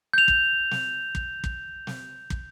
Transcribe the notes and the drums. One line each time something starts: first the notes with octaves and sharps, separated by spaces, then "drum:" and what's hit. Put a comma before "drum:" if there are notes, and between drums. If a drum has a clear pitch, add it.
G6 F7
drum: kick
drum: snare
drum: kick
drum: kick
drum: snare
drum: kick